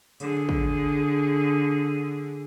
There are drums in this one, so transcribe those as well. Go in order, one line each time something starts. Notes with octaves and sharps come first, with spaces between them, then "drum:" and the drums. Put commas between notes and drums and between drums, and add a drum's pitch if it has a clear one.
D3 G#4, drum: hi-hat
drum: kick